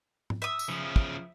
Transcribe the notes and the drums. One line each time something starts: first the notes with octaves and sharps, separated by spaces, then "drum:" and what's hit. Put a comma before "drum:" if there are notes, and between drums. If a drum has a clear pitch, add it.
drum: tom G#2
E5 D#6
drum: tambourine
C#3 F3
drum: kick